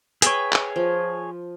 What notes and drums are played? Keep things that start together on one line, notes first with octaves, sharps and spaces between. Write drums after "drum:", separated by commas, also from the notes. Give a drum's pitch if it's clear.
G#4 B4 C#5 E5 G5, drum: hi-hat
drum: clap
F3